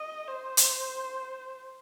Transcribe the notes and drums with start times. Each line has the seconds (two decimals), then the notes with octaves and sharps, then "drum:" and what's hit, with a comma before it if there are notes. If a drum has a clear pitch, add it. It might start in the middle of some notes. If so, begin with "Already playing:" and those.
Already playing: D#5
0.27 C5
0.57 drum: hi-hat